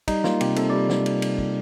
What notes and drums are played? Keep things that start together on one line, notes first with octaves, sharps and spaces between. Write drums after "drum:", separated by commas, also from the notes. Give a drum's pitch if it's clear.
G3 D#4, drum: kick, cymbal
A#3 F4, drum: snare
C3 G4, drum: cymbal
C3 A4, drum: cymbal
G3 D5
drum: snare
drum: cymbal
drum: cymbal
drum: kick